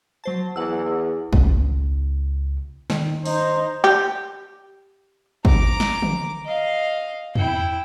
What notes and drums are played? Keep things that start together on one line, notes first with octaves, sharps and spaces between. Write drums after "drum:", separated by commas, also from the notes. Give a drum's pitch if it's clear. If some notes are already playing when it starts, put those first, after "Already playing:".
F#3 C5 A5
E2 F#5 E6
C#2, drum: kick
D#3, drum: snare
D#4 C5, drum: open hi-hat
G4
A#5 D6, drum: kick
drum: snare
drum: tom D3
D#5 F5
E4 G5, drum: tom E2